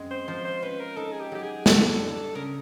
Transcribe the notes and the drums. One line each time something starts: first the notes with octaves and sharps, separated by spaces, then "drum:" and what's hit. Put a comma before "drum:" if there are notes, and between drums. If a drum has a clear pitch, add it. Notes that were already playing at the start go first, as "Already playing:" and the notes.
Already playing: F#2 G#3 C4
C5
F3 C5
C5
C#4 B4
A#4
D#4 A4
G#4
G4
F#3 G4
G#4
G3 A4, drum: snare
D4
C#3 A#4